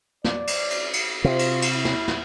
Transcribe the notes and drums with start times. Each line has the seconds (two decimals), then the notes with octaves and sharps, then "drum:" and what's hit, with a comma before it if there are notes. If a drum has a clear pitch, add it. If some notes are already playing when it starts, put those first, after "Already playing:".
0.24 D5, drum: snare
0.47 drum: cymbal
0.70 drum: cymbal
0.93 drum: cymbal
1.24 C3 F4
1.39 drum: cymbal
1.62 drum: cymbal
1.74 E4
1.85 drum: snare
2.08 drum: snare